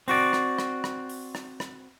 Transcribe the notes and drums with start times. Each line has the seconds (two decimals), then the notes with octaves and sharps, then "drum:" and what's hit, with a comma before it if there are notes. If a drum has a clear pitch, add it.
0.08 C4 F#4 D5, drum: open hi-hat
0.33 drum: rim click
0.58 drum: rim click
0.84 drum: rim click
1.09 drum: open hi-hat
1.35 drum: rim click
1.60 drum: rim click